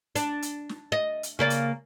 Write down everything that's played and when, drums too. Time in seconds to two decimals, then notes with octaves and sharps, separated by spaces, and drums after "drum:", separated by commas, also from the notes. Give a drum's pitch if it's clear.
0.15 D4, drum: hi-hat
0.42 drum: hi-hat
0.69 drum: snare
0.92 D#5
1.23 drum: hi-hat
1.39 C#3 A#3 D5
1.50 drum: hi-hat